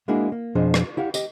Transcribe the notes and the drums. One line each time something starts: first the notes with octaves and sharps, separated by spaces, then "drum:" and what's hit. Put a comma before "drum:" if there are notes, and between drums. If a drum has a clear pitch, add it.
G#3 A#3 D4 E4 F#4 G#4
A#3
F2 B2 F3 D4 G#4 C5
drum: rim click
E4 G4 F5 F#5
G4 D#5, drum: tambourine